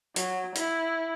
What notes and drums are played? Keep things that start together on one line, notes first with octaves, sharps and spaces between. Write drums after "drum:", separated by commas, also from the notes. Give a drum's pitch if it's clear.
F#3, drum: hi-hat
E4, drum: hi-hat